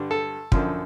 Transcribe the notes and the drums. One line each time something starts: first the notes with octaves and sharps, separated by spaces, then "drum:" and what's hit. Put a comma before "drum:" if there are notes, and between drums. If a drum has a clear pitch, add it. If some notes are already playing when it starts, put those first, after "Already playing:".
Already playing: G2 D3 G3
A4
F#2 D3 F3, drum: kick